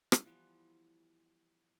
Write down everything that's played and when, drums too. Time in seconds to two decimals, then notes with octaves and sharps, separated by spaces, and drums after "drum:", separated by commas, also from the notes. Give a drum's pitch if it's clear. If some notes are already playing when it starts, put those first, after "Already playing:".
0.12 drum: rim click
0.24 E3 F3 G3 B3